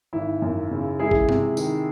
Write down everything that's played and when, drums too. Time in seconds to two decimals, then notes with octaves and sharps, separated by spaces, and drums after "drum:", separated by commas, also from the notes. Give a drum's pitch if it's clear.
0.13 G#1 E4
0.42 F#2
0.71 C#3
0.99 G#3 E4 G#4
1.11 drum: kick
1.29 C3, drum: tom G2
1.57 D#3, drum: tambourine